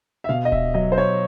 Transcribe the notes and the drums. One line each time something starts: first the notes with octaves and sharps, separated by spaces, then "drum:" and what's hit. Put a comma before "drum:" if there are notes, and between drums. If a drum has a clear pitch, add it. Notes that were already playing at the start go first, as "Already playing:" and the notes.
E5
B2 F5
D#5
E5, drum: kick D1
F#3 D#5
C5
C#5